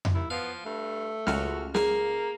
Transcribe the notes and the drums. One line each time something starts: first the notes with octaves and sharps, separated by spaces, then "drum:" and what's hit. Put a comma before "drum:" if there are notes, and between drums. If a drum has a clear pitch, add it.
drum: tom F2
D#2 E4
F3 B3 F5
G2 A3
C#2 F#4 F6, drum: snare
A#3 G#4, drum: snare